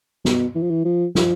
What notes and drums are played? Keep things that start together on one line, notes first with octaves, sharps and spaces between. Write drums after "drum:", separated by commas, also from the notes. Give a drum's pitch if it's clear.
B2, drum: snare
E3
F3
E3
F3
F3, drum: snare